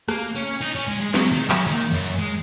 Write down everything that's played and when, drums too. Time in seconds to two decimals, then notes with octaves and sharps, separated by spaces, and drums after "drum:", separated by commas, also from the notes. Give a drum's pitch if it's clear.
0.09 A#3, drum: rim click
0.35 C#4, drum: hi-hat
0.61 D#4, drum: cymbal
0.75 C#4
0.88 G#3, drum: open hi-hat
1.01 G#3
1.14 F#3 G#3, drum: snare
1.32 D#3
1.50 F#3, drum: clap
1.67 D#3 A#3
1.93 F#2
2.19 G#3